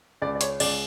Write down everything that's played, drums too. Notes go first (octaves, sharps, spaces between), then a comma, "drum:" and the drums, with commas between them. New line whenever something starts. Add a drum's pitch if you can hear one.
C#2 D5
D5
C#5, drum: hi-hat
C#2 D5, drum: cymbal